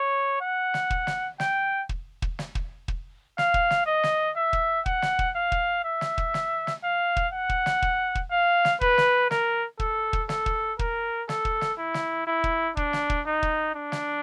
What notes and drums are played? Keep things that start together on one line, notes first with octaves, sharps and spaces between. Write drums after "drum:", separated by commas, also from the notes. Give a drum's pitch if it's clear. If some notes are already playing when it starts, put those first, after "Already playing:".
Already playing: C#5
F#5
drum: snare
drum: kick
drum: snare
G5, drum: snare
drum: kick
drum: kick
drum: snare
drum: kick
drum: kick
F5, drum: snare
drum: kick
drum: snare
D#5
drum: snare
E5
drum: kick
F#5, drum: kick
drum: snare
drum: kick
F5
drum: kick
E5
drum: snare
drum: kick
drum: snare
drum: snare
F5
drum: kick
F#5
drum: kick
drum: snare
drum: kick
drum: kick
F5
drum: snare
B4, drum: kick
drum: snare
A#4, drum: snare
A4, drum: kick
drum: kick
A4, drum: snare
drum: kick
A#4, drum: kick
A4, drum: snare
drum: kick
drum: snare
E4
drum: snare
E4
drum: kick
D4, drum: kick
drum: snare
drum: kick
D#4
drum: kick
D4
drum: snare